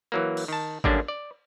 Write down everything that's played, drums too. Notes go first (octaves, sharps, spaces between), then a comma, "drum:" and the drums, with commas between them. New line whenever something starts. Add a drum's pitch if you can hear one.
E3 F#3 A#3
drum: cymbal
D#3 A5
F#2 D3 G3 A#3 C#4 D4, drum: kick G#1
D5